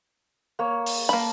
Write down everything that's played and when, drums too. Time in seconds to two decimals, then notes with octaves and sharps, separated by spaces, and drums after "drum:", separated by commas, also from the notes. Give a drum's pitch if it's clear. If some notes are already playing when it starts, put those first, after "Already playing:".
0.59 A#3 C#5
0.86 drum: open hi-hat
1.09 A#3 A5 B5